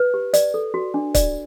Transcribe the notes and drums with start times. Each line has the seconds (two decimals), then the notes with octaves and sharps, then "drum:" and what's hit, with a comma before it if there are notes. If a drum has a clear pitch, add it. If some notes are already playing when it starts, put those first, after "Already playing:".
Already playing: B4
0.14 G4
0.34 D5, drum: hi-hat
0.54 A4
0.74 F#4
0.94 D4
1.15 D5, drum: kick, hi-hat